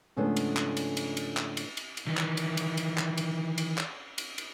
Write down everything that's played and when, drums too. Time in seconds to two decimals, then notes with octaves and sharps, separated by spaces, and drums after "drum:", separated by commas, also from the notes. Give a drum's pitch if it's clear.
0.16 G#2 C#3 F3 A3 B3 D4
0.37 drum: cymbal
0.57 drum: clap
0.77 drum: cymbal
0.97 drum: cymbal
1.17 drum: cymbal
1.37 drum: clap
1.57 drum: cymbal
1.77 drum: cymbal
1.97 drum: cymbal
2.07 D#3 E3
2.17 drum: clap
2.37 drum: cymbal
2.57 drum: cymbal
2.77 drum: cymbal
2.97 drum: clap
3.18 drum: cymbal
3.58 drum: cymbal
3.78 drum: clap
4.18 drum: cymbal
4.38 drum: cymbal